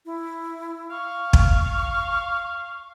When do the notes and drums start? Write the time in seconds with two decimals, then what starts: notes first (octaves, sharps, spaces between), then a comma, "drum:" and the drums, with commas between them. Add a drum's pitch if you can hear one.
0.06 E4
0.91 F5 C#6
1.33 drum: kick